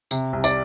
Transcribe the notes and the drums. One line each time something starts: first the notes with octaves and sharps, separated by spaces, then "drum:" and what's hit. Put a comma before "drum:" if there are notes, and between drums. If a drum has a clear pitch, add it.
C3, drum: tambourine
C2
D5, drum: tambourine